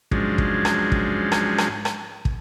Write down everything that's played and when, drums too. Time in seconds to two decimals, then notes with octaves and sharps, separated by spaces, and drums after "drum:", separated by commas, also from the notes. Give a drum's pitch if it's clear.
0.11 G#2 F3 F#3 G#3 C#4 D4, drum: kick
0.38 drum: kick
0.65 drum: rim click
0.92 drum: kick
1.32 drum: rim click
1.58 drum: rim click
1.85 drum: rim click
2.25 drum: kick